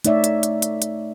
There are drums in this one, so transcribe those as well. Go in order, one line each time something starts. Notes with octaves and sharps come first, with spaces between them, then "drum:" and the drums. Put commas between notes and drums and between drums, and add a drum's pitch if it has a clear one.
A3 D#4 C#5 D5 E5, drum: hi-hat
drum: hi-hat
drum: hi-hat
drum: hi-hat
drum: hi-hat